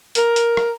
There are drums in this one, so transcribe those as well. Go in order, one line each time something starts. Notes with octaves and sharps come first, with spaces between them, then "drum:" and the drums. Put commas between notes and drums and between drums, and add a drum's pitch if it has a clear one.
A#4, drum: hi-hat
drum: hi-hat
drum: rim click